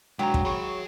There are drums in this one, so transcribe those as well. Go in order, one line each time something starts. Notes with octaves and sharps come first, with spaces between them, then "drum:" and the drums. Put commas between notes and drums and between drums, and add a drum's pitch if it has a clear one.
F#3 G#3 D4 G5 A#5
drum: kick
G#4 C#5 B5